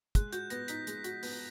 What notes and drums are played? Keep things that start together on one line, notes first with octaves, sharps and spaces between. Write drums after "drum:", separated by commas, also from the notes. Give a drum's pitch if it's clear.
G#3 F#6, drum: kick, hi-hat
F#4 G6, drum: hi-hat
B3 A#6, drum: hi-hat
D#4 B6, drum: hi-hat
G#3, drum: hi-hat
F#4, drum: hi-hat
B3, drum: open hi-hat